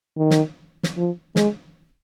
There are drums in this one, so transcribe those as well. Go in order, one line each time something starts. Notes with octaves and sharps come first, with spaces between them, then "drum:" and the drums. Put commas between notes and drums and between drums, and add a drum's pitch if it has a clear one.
D#3
drum: snare
drum: snare
F3
G#3, drum: snare